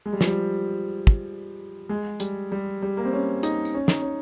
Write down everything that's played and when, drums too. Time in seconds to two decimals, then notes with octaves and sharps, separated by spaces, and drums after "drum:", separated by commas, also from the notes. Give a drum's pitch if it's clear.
0.06 G#3
0.13 G3
0.21 F3, drum: snare
0.27 G3
1.07 drum: kick
1.89 G#3
2.20 G3, drum: hi-hat
2.52 G3
2.82 G3
2.97 A#3
3.05 C4
3.13 C#4
3.43 D#4, drum: hi-hat
3.65 drum: tambourine
3.74 C#4
3.88 D#4, drum: snare
4.02 C#4